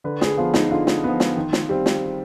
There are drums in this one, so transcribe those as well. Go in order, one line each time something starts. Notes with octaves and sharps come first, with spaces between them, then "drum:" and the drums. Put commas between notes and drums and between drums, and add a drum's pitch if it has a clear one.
D3 B4
G#4, drum: snare
F3 B3 F4
D#4, drum: snare
D3 F4
drum: snare
F3 B3
drum: snare
D#3
drum: snare
G3 C4
drum: snare